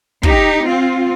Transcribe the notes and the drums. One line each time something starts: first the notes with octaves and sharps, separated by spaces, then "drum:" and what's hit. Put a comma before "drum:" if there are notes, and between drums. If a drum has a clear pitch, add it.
D#4 G4, drum: kick
C4 F4